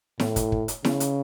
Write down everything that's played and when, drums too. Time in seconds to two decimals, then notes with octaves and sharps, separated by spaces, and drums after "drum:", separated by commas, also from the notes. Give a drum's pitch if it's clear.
0.20 A2, drum: snare E4
0.36 drum: kick, hi-hat
0.52 drum: kick
0.68 drum: hi-hat
0.84 C#3, drum: snare E4
1.00 drum: hi-hat